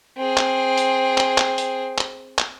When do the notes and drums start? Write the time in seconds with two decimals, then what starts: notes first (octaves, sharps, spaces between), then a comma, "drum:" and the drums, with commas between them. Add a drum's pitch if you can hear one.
0.17 C4 G#4
0.37 drum: clap
0.78 drum: hi-hat
1.18 drum: clap
1.38 drum: clap
1.58 drum: hi-hat
1.98 drum: clap
2.38 drum: clap